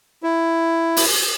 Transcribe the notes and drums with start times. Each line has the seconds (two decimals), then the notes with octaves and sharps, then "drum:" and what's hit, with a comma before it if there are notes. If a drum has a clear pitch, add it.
0.23 E4
0.97 drum: open hi-hat